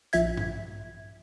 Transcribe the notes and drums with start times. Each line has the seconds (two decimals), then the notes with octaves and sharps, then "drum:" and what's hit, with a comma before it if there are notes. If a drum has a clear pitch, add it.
0.13 A#1 A#2 E5 G#6, drum: hi-hat
0.37 drum: tom G2